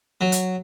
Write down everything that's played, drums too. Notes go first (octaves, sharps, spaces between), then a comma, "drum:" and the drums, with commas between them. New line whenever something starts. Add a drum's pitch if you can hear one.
F#3
drum: hi-hat